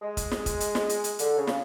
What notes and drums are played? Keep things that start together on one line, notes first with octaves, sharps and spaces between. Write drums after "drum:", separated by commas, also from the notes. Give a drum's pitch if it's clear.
G#3
drum: kick, hi-hat
drum: snare
drum: kick, hi-hat
drum: hi-hat
drum: snare
drum: hi-hat
drum: hi-hat
D3, drum: hi-hat
C#3
drum: snare